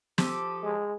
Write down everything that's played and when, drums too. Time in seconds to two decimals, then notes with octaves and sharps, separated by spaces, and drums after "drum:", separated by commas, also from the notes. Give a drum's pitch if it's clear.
0.18 F3 G4 A4, drum: snare
0.63 G#3